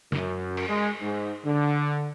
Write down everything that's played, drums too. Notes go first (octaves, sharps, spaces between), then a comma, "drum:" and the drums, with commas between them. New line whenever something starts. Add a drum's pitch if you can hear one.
F#2, drum: snare
drum: cymbal
G#3
G#2
D3